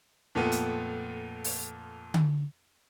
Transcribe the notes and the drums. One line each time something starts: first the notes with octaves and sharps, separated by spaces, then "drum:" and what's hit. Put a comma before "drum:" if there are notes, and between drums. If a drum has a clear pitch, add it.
F2 A#2 A3 B3
drum: hi-hat
drum: open hi-hat
drum: tom D3